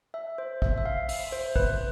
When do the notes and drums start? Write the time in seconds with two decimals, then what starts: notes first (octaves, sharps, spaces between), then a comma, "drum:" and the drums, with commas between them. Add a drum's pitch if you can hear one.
0.14 E5
0.38 C5
0.62 E5, drum: kick
0.78 E5
0.86 F5
1.09 E5, drum: open hi-hat
1.32 C5
1.56 B4, drum: kick